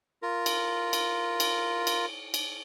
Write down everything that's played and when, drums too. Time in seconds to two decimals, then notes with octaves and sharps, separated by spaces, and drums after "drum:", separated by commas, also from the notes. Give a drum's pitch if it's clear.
0.23 F4 A#4
0.46 drum: cymbal
0.93 drum: cymbal
1.40 drum: cymbal
1.87 drum: cymbal
2.34 drum: cymbal